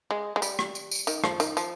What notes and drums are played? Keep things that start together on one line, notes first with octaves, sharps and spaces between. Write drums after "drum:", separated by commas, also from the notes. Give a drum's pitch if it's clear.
G#3
G#3
G3, drum: tambourine
drum: rim click
drum: tambourine
drum: tambourine
D#3, drum: tambourine
F3, drum: rim click
D#3, drum: tambourine
F3, drum: tambourine